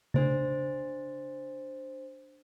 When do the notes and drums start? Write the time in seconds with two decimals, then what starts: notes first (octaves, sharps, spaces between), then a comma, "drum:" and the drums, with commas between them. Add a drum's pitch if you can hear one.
0.14 D4 C5 A6, drum: tom C#3